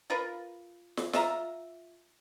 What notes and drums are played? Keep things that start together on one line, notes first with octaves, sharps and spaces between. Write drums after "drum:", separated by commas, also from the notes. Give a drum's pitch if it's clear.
F4 A#4 B4
drum: snare
F4 E5 A#5, drum: snare